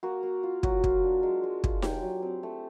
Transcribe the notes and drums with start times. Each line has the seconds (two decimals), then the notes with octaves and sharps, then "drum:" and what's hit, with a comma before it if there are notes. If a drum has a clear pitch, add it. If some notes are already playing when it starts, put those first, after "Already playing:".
0.03 A#3 F#4
0.23 A#3
0.43 F4
0.63 F#3 F#4, drum: kick
0.84 F4, drum: kick
1.03 D4
1.23 G#3
1.43 G#3
1.64 F4, drum: kick
1.82 F#3 G4, drum: snare D#4
2.02 F#3
2.23 C4
2.43 A3